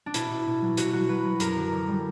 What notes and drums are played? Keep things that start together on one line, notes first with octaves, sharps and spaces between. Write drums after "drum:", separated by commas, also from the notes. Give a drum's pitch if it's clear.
D4
B2 E4, drum: hi-hat
B2
B2
F#3
B2 F#4, drum: hi-hat
F#3 F#4
F#3 B4
F#3
F#2 A#4, drum: hi-hat
D3
D3
G3